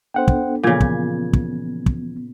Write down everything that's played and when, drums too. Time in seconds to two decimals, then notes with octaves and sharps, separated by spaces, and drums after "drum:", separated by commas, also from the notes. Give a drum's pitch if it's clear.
0.14 B3 D4 A4 C5 F#5 G5
0.28 drum: kick
0.63 A#2 C#3 E3 F3 B3 G#6
0.80 drum: kick
1.33 drum: kick
1.86 drum: kick